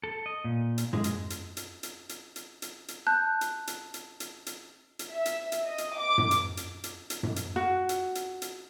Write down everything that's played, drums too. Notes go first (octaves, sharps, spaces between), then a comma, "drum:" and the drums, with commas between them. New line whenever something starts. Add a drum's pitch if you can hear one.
A4
D#5
A#2
drum: hi-hat
G#3, drum: tom F#2
drum: hi-hat
drum: hi-hat
drum: hi-hat
drum: hi-hat
drum: hi-hat
drum: hi-hat
drum: hi-hat
drum: hi-hat
A5 F#6 G6
drum: hi-hat
drum: hi-hat
drum: hi-hat
drum: hi-hat
drum: hi-hat
drum: hi-hat
E5
drum: hi-hat
drum: hi-hat
D#5
drum: hi-hat
D6
drum: tom F#2
drum: hi-hat
drum: hi-hat
drum: hi-hat
drum: hi-hat
drum: tom F#2
drum: hi-hat
F#4
drum: hi-hat
drum: hi-hat
drum: hi-hat